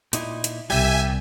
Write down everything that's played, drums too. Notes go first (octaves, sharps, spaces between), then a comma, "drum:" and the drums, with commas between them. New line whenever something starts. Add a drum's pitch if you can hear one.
A#2 D#4 E4, drum: hi-hat
drum: hi-hat
C2 G3 G4 E5 G#5